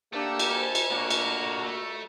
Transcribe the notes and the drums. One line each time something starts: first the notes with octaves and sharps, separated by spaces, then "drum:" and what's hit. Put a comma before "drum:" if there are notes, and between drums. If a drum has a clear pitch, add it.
A3 A#3 D4 G4 E6
drum: cymbal
A4 C5 G#5
drum: cymbal
A3 A#3 D4 F#4 C#5
drum: cymbal
A#5 C#6
A3